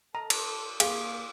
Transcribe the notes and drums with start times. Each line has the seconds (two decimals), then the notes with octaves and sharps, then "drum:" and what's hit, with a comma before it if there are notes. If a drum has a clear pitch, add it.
0.15 A4 A5 A#5
0.30 drum: cymbal
0.80 A#3 G#4 F5, drum: cymbal